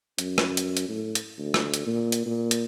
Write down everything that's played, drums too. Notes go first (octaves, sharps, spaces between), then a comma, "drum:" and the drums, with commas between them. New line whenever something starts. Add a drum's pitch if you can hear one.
F#2, drum: hi-hat
drum: rim click
drum: hi-hat
drum: hi-hat
A2
drum: hi-hat
D2
drum: rim click
drum: hi-hat
A#2
drum: hi-hat
A#2
drum: hi-hat